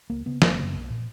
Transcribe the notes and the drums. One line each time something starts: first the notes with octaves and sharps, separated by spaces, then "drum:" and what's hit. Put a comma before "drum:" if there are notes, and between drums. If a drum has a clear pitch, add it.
C#2 A#3
C#3 B3
F#1 A#3, drum: snare
F#2 C#3
B1
A#2